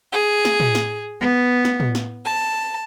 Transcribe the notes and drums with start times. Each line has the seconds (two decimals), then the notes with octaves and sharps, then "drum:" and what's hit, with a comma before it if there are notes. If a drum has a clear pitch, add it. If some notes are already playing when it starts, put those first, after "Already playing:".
0.12 G#4
0.45 drum: snare
0.60 drum: tom
0.75 drum: snare
1.21 B3
1.65 drum: snare
1.80 drum: tom
1.95 drum: snare
2.25 A5